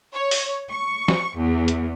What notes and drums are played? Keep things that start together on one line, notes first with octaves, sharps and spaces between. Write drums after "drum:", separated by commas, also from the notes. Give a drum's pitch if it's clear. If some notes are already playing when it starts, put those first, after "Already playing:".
C#5
drum: open hi-hat
C#6
drum: snare
E2
drum: hi-hat